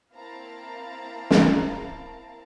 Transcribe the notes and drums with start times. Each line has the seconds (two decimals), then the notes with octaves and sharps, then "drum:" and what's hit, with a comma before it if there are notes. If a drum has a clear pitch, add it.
0.15 A#3 C4 E4 F5 A5 A#5
1.31 drum: snare